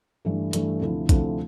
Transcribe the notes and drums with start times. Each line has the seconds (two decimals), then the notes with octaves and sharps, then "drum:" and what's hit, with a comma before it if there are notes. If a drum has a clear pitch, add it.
0.25 G2 E3 A3
0.53 G2 E3 A3, drum: hi-hat
0.81 D2 C3 F3 A3 E4
1.09 D2 C3 F3 A3 E4, drum: kick, hi-hat